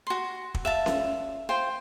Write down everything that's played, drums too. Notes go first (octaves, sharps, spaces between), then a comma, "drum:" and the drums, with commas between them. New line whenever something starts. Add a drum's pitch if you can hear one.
F#4 C6
drum: kick
E5 F5 A5
drum: snare C#4
F4 C5 G5 C6